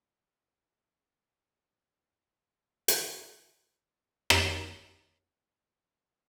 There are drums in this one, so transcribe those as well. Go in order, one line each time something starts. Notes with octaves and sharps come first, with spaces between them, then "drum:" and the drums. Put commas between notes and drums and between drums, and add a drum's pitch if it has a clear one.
E5 G5 A5
D#2 D#6 F#6 A6
G3 A4 B6
A#2
G#2 C#7
drum: hi-hat
A2 D3 F3 E4 G#4 C5 B5
drum: rim click